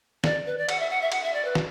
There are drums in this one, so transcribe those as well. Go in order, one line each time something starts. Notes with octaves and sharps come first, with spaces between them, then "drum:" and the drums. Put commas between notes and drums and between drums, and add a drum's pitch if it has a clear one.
D5, drum: snare
B4
D5
F#5, drum: cymbal
E5
F#5
E5
F#5, drum: cymbal
E5
D5
B4
drum: snare